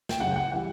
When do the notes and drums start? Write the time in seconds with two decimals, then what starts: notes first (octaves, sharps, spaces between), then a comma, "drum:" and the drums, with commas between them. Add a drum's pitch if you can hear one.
0.09 G5, drum: snare
0.20 F#2 C#3 F#3 F#5
0.31 G5
0.36 F#5
0.52 E3 G3 F#5